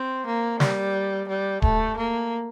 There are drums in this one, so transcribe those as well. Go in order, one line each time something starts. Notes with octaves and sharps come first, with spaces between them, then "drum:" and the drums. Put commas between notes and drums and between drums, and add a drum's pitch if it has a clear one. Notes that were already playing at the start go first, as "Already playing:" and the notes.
Already playing: C4
A#3
G3, drum: snare
G3
A3, drum: kick D1
A#3